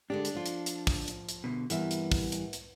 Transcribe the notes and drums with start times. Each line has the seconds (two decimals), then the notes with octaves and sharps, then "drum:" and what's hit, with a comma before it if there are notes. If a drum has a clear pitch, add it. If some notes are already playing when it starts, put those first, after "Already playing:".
0.10 D3 G#3 D4 G4
0.25 drum: hi-hat
0.35 F3 F4
0.46 drum: hi-hat
0.66 drum: hi-hat
0.87 drum: kick, open hi-hat
1.08 drum: hi-hat
1.29 drum: hi-hat
1.44 B2 D3
1.70 G2 E3 B3 A#4 E5, drum: hi-hat
1.91 drum: hi-hat
2.12 drum: kick, open hi-hat
2.32 drum: hi-hat
2.53 drum: hi-hat